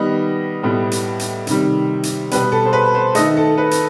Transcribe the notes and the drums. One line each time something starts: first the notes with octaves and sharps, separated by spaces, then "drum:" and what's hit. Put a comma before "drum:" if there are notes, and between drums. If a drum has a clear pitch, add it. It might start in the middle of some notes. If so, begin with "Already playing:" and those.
Already playing: D#3 G3 B3 D#5
A2 G3 B3
drum: hi-hat
drum: hi-hat
C3 D#3 G3, drum: hi-hat
drum: hi-hat
B2 G3 B3 B4, drum: hi-hat
A4
C5
B4
C5
D#3 A3 D#5, drum: hi-hat
A4
B4
drum: hi-hat